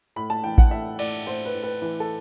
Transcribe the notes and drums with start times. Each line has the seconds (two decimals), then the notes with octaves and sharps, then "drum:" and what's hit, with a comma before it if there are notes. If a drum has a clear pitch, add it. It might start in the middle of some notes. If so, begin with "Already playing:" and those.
0.16 A2 B5
0.30 A5
0.44 E3 G5
0.58 F#5, drum: kick A1
0.71 A2 E5
0.99 A2 D5, drum: cymbal
1.27 A2 C5
1.45 B4
1.54 A2
1.63 B4
1.82 E3 B4
2.00 A4